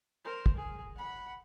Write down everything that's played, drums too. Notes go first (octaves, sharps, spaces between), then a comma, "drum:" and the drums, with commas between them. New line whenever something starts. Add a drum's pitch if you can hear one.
A#4 C5
drum: kick
G#4
F#5 B5